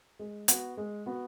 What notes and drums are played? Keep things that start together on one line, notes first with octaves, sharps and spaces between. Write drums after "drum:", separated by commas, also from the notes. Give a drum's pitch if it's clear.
G#3
B3 F#4, drum: hi-hat
G#3
B3 F#4